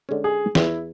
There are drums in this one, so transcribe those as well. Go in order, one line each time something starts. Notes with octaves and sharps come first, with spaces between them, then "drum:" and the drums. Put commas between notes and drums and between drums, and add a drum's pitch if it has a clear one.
D3 G#3 C#4
G#4
E2 E4, drum: snare